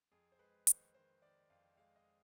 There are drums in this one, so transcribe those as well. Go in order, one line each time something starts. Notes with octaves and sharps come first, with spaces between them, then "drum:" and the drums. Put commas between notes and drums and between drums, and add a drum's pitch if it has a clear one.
F2 G#4
C5
G#3 B4
D#3 C5, drum: hi-hat
D#3 C5
D#3 D5
F2 F5
G#3 F5
D#5